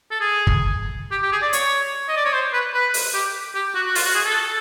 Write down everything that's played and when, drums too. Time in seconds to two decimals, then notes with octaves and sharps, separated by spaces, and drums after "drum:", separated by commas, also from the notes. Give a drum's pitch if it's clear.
0.11 A4
0.20 G#4
0.47 drum: kick
1.11 G4
1.22 G4
1.32 G#4
1.42 D5
1.53 C#5, drum: hi-hat
2.08 D#5
2.17 D5
2.25 C#5
2.33 C5
2.53 B4
2.74 B4
2.94 drum: open hi-hat
3.14 G4
3.55 G4
3.75 F#4
3.86 F#4
3.95 F4, drum: open hi-hat
4.05 F#4
4.15 G#4
4.25 A4